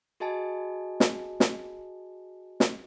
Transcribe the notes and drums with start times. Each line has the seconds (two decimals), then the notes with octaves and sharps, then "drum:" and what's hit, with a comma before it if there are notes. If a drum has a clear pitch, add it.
0.20 F#4 G#4 D#5 G#5 A5
1.00 drum: snare
1.40 drum: snare
2.60 drum: snare